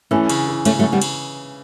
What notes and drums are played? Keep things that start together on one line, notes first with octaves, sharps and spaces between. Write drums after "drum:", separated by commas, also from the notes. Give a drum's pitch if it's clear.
E3 A3 C#4
C#3, drum: cymbal
E3
C#3 A3 C#4, drum: cymbal
F#3 A3
C#3
G3 B3
drum: cymbal